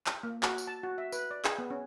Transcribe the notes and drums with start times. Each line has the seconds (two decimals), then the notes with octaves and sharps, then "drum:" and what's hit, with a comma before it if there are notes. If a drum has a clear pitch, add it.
0.06 drum: clap
0.23 A#3
0.43 F#4, drum: clap
0.58 drum: tambourine
0.67 A5
0.83 F#4
0.98 E5
1.12 B4, drum: tambourine
1.31 D5
1.45 G#4, drum: clap
1.58 B3
1.70 C#4